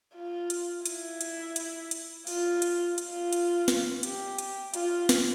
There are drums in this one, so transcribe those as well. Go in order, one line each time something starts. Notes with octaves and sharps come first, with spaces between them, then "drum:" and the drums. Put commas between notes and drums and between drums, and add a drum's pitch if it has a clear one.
F4
drum: hi-hat
E4, drum: hi-hat
drum: hi-hat
drum: hi-hat
drum: hi-hat
F4, drum: open hi-hat
drum: hi-hat
F4, drum: hi-hat
drum: hi-hat
drum: snare
G4, drum: hi-hat
drum: hi-hat
F4, drum: hi-hat
drum: snare